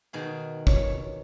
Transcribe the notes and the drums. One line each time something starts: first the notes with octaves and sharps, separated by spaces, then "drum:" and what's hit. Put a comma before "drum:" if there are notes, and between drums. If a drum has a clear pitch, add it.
B2 D#3 G#4
C#5, drum: kick